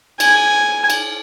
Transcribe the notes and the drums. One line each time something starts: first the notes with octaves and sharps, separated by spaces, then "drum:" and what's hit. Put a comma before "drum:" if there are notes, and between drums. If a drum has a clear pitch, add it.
G#5, drum: cymbal
drum: cymbal